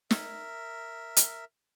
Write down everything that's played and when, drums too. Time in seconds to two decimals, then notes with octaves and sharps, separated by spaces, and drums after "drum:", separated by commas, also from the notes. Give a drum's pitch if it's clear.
0.11 A#4 E5, drum: snare
1.17 drum: hi-hat